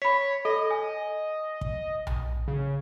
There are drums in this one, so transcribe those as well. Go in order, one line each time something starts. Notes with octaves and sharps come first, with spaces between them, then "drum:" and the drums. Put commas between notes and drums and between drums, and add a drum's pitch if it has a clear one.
C#5 B5 B6
A4 D#5
G#5
drum: kick
drum: tom B1
C#3